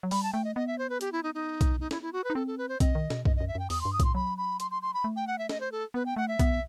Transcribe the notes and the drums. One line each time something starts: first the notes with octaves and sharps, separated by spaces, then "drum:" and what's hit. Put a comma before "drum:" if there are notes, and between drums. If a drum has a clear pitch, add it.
F#3
G3 B5, drum: open hi-hat
A5
A3 G5
D#5
B3 D#5
E5
C5
B4
G4, drum: hi-hat
E4
D#4
D#4
drum: kick B1, hi-hat
D#4
E4, drum: snare
E4
F#4
B4
D#4
C4 A4
A4
B4
C5
C4 D#5, drum: kick B1, hi-hat
D#3
B2, drum: snare
G2 D#5, drum: kick B1
F#2 D#5
E5
F#2 G5
E2 D#6, drum: open hi-hat
G2 C6
D#6
A2 C6, drum: kick B1, hi-hat
F#3 B5
B5
C6, drum: hi-hat
C6
C6
B5
A3
G5
F#5
E5
D#5, drum: snare
C5
A4
B3 B4
G5
A3 F#5
E5
B3, drum: kick B1, hi-hat